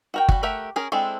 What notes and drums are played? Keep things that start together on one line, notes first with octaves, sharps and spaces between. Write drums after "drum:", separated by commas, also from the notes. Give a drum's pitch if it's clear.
F#4 A#4 G5
G3 F#4, drum: kick G1
A3 G4 A#4 E5 F#5
C#4 G#4 A#4
G#3 C4 D4 E4 A4